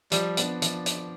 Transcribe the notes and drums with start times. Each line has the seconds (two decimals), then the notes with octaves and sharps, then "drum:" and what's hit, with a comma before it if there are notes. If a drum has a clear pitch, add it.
0.12 F3 G3, drum: hi-hat
0.37 B3 D4, drum: hi-hat
0.62 F3, drum: hi-hat
0.86 drum: hi-hat